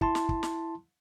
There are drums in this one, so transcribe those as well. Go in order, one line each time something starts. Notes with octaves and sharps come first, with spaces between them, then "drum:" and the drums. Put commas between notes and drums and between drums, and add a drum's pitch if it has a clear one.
E4 A5 C6, drum: kick
drum: snare
drum: kick
drum: snare